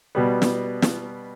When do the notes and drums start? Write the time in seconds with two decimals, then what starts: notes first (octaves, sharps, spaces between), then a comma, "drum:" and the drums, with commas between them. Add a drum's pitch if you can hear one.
0.15 B2 G3 B3
0.42 drum: snare
0.82 drum: snare